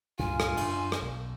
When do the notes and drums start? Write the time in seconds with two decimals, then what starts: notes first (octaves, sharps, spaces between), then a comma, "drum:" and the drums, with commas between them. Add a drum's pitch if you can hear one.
0.19 C#2 G2 A#2 F4 G#5
0.40 drum: rim click
0.57 F#2 D4, drum: cymbal
0.92 drum: rim click
1.02 B1